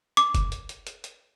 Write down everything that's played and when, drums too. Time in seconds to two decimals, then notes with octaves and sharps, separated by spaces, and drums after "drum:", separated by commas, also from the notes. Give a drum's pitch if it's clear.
0.17 D6, drum: hi-hat
0.35 drum: kick, hi-hat
0.52 drum: hi-hat
0.69 drum: hi-hat
0.87 drum: hi-hat
1.04 drum: hi-hat